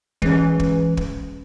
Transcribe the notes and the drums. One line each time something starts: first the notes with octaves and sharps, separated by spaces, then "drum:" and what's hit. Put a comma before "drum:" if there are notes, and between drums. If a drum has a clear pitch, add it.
E3 G#3 C#4, drum: kick
drum: kick
drum: kick